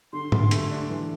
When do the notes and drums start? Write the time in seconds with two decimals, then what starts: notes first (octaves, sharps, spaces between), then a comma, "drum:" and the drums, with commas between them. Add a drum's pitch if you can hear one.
0.13 D3 C6
0.32 D2, drum: tom G#2
0.51 A3, drum: hi-hat
0.71 D4
0.90 E3